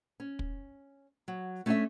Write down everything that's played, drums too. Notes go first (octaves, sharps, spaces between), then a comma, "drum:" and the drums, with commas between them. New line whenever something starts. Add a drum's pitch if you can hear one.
C#4
drum: kick
F#3
A3 C#4 D4 G4 A4 E5